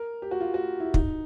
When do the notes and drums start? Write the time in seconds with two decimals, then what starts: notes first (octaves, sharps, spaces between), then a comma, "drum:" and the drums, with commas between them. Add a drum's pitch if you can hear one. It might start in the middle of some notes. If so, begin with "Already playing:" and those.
Already playing: A#4
0.22 G4
0.31 F#4
0.41 F4
0.54 F#4
0.80 E4
0.94 D#4, drum: kick